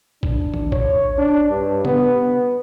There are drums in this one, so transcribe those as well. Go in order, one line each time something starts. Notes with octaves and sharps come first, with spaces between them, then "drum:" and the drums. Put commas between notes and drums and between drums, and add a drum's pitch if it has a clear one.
D4, drum: kick A#1
drum: tom
C#5, drum: kick A#1
D4
G2
B3, drum: tom C#3